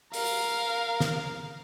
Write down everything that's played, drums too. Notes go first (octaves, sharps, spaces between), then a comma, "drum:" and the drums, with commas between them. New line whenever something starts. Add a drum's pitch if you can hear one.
A#4 F5, drum: open hi-hat
drum: snare